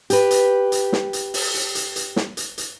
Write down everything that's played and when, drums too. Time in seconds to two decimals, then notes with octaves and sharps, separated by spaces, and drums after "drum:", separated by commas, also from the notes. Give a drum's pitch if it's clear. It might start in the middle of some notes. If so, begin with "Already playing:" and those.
0.10 G4 B4, drum: hi-hat
0.31 drum: hi-hat
0.72 drum: hi-hat
0.93 drum: snare
1.13 drum: hi-hat
1.34 drum: open hi-hat
1.54 drum: hi-hat
1.75 drum: hi-hat
1.96 drum: hi-hat
2.16 drum: snare
2.37 drum: hi-hat
2.58 drum: hi-hat